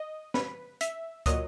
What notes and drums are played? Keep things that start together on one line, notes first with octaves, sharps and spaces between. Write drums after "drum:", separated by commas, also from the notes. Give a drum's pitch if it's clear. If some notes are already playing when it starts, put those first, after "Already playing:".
Already playing: D#5
B4, drum: snare
E5, drum: hi-hat
A#2 F#3 D#5, drum: kick, hi-hat